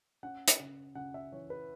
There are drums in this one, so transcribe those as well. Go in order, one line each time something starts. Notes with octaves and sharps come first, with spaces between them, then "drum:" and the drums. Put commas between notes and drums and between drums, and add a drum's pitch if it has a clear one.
C#4 F#5
drum: hi-hat
C#3
C#3 F#5
E5
E3 C#5
B4